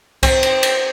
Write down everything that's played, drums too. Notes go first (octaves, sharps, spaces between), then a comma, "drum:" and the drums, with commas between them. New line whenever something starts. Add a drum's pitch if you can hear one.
C4, drum: kick C2, cymbal
drum: cymbal
drum: cymbal